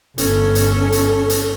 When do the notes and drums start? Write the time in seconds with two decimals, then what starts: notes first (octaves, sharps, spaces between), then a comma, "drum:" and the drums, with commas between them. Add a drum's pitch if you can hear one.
0.18 G1 C#4 A4, drum: hi-hat
0.55 drum: hi-hat
0.92 drum: hi-hat
1.30 drum: hi-hat